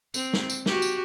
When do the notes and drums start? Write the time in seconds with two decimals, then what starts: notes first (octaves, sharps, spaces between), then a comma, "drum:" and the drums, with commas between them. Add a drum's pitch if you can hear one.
0.14 C4, drum: tambourine
0.33 drum: snare
0.50 drum: tambourine
0.66 F#4 G4, drum: snare
0.82 drum: tambourine